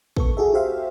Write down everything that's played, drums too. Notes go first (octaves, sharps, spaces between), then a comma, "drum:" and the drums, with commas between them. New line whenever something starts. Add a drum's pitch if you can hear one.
B3 A4 C#6, drum: kick
F#4 G#4 A4 E5
F#4 G4 C5 E5 F5